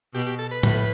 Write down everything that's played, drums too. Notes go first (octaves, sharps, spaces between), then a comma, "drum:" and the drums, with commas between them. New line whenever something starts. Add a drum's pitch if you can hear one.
B2 G4
G4
A4
B4
A2, drum: tom